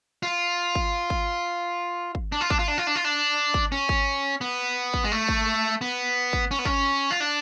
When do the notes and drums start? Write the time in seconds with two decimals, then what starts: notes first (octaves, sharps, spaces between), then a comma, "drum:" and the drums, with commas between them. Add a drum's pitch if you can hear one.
0.23 F4
0.75 drum: kick G#1
1.10 drum: kick G#1
2.15 drum: kick G#1
2.32 D4
2.41 F4
2.50 D4, drum: kick G#1
2.59 F4
2.68 D4
2.78 F4
2.87 D4
2.96 F4
3.05 D4
3.54 drum: kick G#1
3.72 C#4
3.89 drum: kick G#1
4.41 B3
4.94 drum: kick G#1
5.04 G#3
5.12 A3
5.28 drum: kick G#1
5.81 B3
6.33 drum: kick G#1
6.51 C#4
6.59 B3
6.65 C#4, drum: kick G#1
7.11 F4
7.20 D4